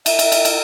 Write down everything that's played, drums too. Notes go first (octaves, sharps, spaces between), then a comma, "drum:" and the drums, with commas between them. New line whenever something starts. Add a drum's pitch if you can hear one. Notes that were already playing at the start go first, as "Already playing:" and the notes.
E5, drum: cymbal
drum: cymbal
drum: cymbal
drum: cymbal